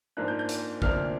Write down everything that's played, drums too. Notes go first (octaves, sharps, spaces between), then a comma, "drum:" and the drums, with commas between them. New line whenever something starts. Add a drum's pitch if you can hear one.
G#2 F3 A#3 D4 F#6
G6
G6
drum: hi-hat
D2 C3 F3 A#3 D4 F6, drum: kick